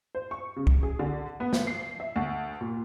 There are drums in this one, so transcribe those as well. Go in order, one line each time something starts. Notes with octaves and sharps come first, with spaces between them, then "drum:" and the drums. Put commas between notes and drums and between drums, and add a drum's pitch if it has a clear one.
C5
C#6
C#3
drum: kick
G#4
D3
B3
C5, drum: snare
C7
E5
D2
A#2